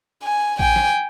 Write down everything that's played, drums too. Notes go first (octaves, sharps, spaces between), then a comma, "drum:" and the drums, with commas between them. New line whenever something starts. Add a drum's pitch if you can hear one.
G#5
G5 G#5, drum: kick A1
drum: snare